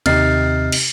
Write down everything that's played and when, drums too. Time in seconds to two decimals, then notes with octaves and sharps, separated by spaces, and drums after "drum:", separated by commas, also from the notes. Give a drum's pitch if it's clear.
0.06 D#2 C3 D#4 G4 F6 A6 C7, drum: cymbal
0.72 drum: cymbal